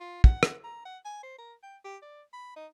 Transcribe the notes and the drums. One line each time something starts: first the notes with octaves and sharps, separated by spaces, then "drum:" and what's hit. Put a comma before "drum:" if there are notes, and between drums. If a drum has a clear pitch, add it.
F4
F#5, drum: kick
drum: rim click
A#5
F#5
G#5
C5
A#4
G5
G4
D5
B5
D#4